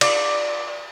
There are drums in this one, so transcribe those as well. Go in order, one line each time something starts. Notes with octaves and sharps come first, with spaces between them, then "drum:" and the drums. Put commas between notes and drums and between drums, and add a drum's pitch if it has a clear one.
D5, drum: cymbal